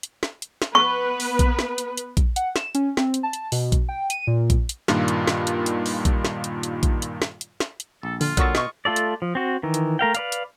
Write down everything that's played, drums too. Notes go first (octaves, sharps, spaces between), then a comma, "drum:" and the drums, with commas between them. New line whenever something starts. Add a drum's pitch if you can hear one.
drum: hi-hat
drum: snare
drum: hi-hat
drum: snare
B3 B4 C#6
drum: open hi-hat
drum: kick A#1, hi-hat
drum: snare
drum: hi-hat
drum: hi-hat
drum: kick A#1, hi-hat
F#5, drum: hi-hat
E7, drum: snare
C#4, drum: hi-hat
C4, drum: snare
drum: hi-hat
A5
drum: hi-hat
B2, drum: open hi-hat
drum: kick A#1, hi-hat
G5
D#7, drum: hi-hat
A#2
drum: kick A#1, hi-hat
drum: hi-hat
G2 A#2 D#3 F4, drum: snare
drum: hi-hat
drum: snare
drum: hi-hat
drum: hi-hat
drum: open hi-hat
drum: kick A#1, hi-hat
drum: snare
drum: hi-hat
drum: hi-hat
drum: kick A#1, hi-hat
drum: hi-hat
drum: snare
drum: hi-hat
drum: snare
drum: hi-hat
A#1 A4
D3 F4, drum: open hi-hat
A#2 D3 F#3 F#5 C#6 D#6 E6 A6, drum: kick A#1, hi-hat
B2 D#5 C#6, drum: snare
A3 F4 A4 D5
drum: hi-hat
F3
C4 F#4
D#3 E3
drum: hi-hat
A3 A#4 F5 G5
B4 D5 F5, drum: hi-hat
drum: hi-hat